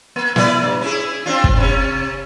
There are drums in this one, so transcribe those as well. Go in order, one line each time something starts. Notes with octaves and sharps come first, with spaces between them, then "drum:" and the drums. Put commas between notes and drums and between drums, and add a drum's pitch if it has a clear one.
A#3
E4 B4 D5, drum: snare
G2
C#4 E4 G#4
C4 D4 F4
drum: kick
C3 C#4